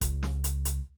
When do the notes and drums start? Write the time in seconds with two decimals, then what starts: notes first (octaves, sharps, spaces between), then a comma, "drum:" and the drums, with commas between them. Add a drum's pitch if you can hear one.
0.01 C#2, drum: kick F#1, hi-hat
0.23 drum: snare
0.44 drum: hi-hat
0.65 drum: hi-hat